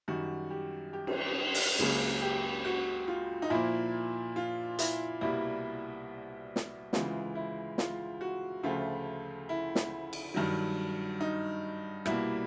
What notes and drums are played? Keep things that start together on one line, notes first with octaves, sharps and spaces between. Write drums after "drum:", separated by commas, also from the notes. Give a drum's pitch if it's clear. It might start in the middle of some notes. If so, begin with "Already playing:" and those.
F#2 D#3 G3 F#4
G4
G4
drum: cymbal
drum: open hi-hat
C#2 C#3 F#3 A#3 G#4
G4
F#4
F4
D#4
A#2 F3 A#3 E4
F4
E4, drum: hi-hat
C2 B2 G3 A#3 E4
drum: snare
D2 C#3 E3 G#3 F4, drum: snare
E4
F4, drum: snare
F#4
D2 C#3 F3 A3 F4
E4
drum: snare
drum: cymbal
G2 D#3 F#3
D#4
C2 B2 G3 A#3 E4, drum: rim click